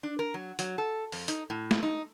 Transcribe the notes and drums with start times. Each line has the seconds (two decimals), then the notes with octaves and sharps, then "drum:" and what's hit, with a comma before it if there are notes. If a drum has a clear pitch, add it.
0.03 D4
0.19 A#4
0.34 F#3
0.59 F#3, drum: hi-hat
0.78 A4
1.12 F2, drum: open hi-hat
1.28 D#4, drum: hi-hat
1.50 A2
1.71 drum: snare
1.83 D#4